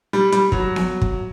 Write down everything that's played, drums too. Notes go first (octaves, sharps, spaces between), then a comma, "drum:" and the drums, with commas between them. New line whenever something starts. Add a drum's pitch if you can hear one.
G3
G3, drum: hi-hat
F#3, drum: kick
drum: snare B3
drum: kick